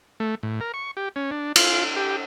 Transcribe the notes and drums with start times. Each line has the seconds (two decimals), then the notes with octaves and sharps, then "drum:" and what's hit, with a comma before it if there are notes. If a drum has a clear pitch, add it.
0.20 A3
0.43 A2
0.61 A#4
0.74 C#6
0.97 G4
1.16 C#4
1.31 D4
1.56 F4, drum: cymbal
1.96 G4